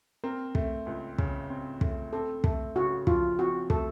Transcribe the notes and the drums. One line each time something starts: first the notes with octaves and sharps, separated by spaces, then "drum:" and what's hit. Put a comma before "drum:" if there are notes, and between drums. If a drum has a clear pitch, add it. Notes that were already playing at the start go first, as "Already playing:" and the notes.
C4 A#4
A3, drum: kick
C#2
C#3, drum: kick
C4
A3, drum: kick
C4 A4
A3 A4, drum: kick
C#3 F#4
F3 F4, drum: kick
C4 F#4
A3 A4, drum: kick